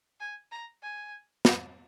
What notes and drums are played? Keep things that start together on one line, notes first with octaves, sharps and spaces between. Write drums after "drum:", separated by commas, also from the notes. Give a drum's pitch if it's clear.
G#5
A#5
G#5
drum: snare